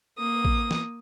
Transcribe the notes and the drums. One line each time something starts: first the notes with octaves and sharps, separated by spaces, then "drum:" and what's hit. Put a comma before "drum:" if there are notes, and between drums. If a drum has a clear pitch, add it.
A#3 D#6
drum: kick
drum: snare